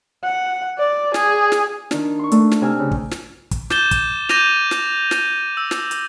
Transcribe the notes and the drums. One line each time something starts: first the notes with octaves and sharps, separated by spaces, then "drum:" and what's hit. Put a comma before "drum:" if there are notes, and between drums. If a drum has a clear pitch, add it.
F#5
D5
G#4, drum: snare
drum: snare
D#3 D4, drum: snare
C6 C#6
A3 D4, drum: hi-hat
drum: snare
C3 G#5 E6 F6
C#3
drum: kick
drum: snare
drum: kick, hi-hat
D6 G6 A6 E7 G7, drum: snare
drum: kick, hi-hat
D6 G6 A#6 D#7 F7, drum: snare
drum: snare
drum: snare
E6
drum: snare
drum: hi-hat